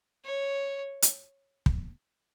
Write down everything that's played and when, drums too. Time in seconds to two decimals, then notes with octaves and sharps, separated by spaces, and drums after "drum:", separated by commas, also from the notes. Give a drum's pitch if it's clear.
0.24 C#5
1.02 drum: hi-hat
1.66 drum: kick